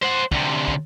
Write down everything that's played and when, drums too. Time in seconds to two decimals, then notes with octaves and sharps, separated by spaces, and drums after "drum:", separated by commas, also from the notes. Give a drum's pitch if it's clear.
0.02 C5 F#5
0.32 D2 C3, drum: kick
0.68 drum: kick